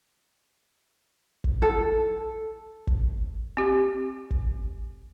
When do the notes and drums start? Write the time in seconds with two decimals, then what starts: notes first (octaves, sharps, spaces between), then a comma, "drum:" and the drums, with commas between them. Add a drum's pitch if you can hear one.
1.44 drum: kick
1.62 A4
2.87 drum: kick
3.57 C4 G4
4.31 drum: kick